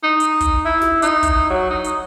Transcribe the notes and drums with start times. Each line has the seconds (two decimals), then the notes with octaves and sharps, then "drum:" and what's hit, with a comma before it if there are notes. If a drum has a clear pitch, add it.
0.03 D#4
0.20 drum: hi-hat
0.40 drum: kick, hi-hat
0.65 E4
0.82 drum: snare
1.02 D#4, drum: hi-hat
1.23 drum: kick, hi-hat
1.50 F#3
1.70 D#4
1.84 drum: hi-hat